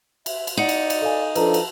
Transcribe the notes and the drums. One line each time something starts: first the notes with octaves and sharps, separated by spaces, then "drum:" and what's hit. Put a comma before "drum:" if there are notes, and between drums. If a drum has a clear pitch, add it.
E5, drum: cymbal
drum: cymbal
D#4 D5 F#5 C#7 F#7
drum: cymbal
drum: cymbal
A4 F5 G#5
F3 D4 A4 B4 A5 A#5, drum: cymbal
drum: cymbal